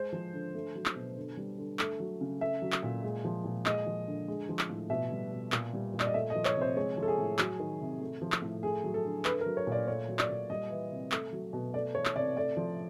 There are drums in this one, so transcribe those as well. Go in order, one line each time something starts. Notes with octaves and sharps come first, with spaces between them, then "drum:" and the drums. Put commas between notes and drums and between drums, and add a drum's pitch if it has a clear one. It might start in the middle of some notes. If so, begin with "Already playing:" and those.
Already playing: G#3 C5
F3
D3
A3
F#3
drum: clap
B2
D3
G3
D3
A3, drum: clap
F#3
C#3
A3 E5
F#3
drum: clap
A#2
G#3
F3
A#2
G#3 D#5, drum: clap
F3
D3
G#3
F3
drum: clap
A2
B2 E5
G3
B2
A#2, drum: clap
G3
A#2
D5, drum: clap
D#5
A3 E5
D#5
F3
C#5, drum: clap
C3
C5
G#3 C#5
F3
A4
G#4
A2
F#3, drum: clap
D#3
C3
A3
F3
drum: clap
A2
A3 G#4
F#3
A4
D3
A3 B4, drum: clap
A#4
F#3
C#5
A#2 D5
A3 C#5
F#3
D5, drum: clap
A#2
G3 D#5
E3
C3
A3, drum: clap
F#3
B2
A3 D5
E3 C#5
drum: clap
C3 D5
A3 D5
F3